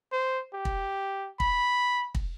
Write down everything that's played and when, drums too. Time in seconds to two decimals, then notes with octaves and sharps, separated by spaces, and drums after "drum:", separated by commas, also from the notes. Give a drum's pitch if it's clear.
0.12 C5
0.54 G4
0.65 drum: kick
1.40 B5, drum: kick
2.15 drum: kick